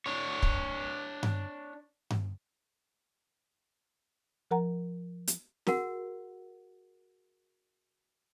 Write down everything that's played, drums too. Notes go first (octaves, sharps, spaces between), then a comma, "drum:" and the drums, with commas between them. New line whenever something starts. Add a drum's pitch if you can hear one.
D4 C#5
drum: kick
drum: tom G2
drum: tom G2
F3 A#4 F#5 A#5
drum: hi-hat
F#4 G#4 A#4 F#5, drum: snare